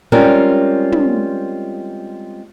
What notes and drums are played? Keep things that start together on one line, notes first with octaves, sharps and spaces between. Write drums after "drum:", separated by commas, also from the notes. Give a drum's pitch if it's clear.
G3 G#3 C4 C#4 F4 A#4
drum: tom